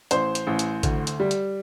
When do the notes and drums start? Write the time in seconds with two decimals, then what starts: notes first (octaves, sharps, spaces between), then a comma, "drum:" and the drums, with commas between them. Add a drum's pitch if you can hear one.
0.11 A1 C5, drum: hi-hat
0.35 drum: hi-hat
0.47 A1
0.59 drum: hi-hat
0.83 D2, drum: kick, hi-hat
1.07 drum: hi-hat
1.20 G3
1.31 drum: hi-hat